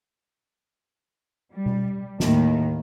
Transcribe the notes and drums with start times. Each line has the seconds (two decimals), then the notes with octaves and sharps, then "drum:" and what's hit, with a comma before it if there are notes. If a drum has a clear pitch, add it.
1.54 G3
1.66 drum: tom B2
2.20 D#2 A2 D#3, drum: snare